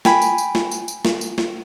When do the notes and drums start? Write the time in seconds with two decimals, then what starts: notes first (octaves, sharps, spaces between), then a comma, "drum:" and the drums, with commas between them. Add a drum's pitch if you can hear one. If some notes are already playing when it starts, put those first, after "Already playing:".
0.05 G5 G#5 B5, drum: snare
0.22 drum: tambourine
0.38 drum: tambourine
0.55 drum: snare
0.71 drum: tambourine
0.88 drum: tambourine
1.05 drum: snare
1.21 drum: tambourine
1.38 drum: snare